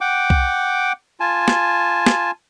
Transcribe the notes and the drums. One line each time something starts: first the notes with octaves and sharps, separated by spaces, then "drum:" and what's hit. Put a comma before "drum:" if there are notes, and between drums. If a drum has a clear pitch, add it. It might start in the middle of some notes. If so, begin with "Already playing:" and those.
F#5 G5 D6
drum: kick C2
F4 G#5 A5
drum: snare
drum: snare